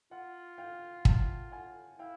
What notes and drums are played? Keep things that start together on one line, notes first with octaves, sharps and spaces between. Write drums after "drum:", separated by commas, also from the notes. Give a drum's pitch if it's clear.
F4 F#5
F5 G5
G5 A5, drum: kick
F#5 G#5
E4 F5 G5